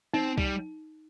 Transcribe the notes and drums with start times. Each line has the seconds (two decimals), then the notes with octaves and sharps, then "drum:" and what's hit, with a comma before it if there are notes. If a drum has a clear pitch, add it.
0.13 C4 D#4
0.38 G3, drum: kick